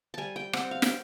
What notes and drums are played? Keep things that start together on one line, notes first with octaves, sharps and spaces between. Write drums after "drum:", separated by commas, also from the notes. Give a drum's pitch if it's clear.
G3 G#5 A5
G5
C4 F#5, drum: rim click
F5
G5, drum: snare